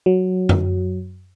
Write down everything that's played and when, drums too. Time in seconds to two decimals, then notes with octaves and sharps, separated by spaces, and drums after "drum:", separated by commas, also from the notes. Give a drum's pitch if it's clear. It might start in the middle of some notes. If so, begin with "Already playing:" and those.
0.06 F#3
0.49 drum: tom F#2